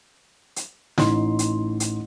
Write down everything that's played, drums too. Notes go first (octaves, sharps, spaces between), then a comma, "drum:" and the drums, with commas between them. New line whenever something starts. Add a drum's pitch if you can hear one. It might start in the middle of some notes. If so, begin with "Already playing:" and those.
drum: hi-hat
A1 D#4 C6, drum: snare
drum: hi-hat
drum: hi-hat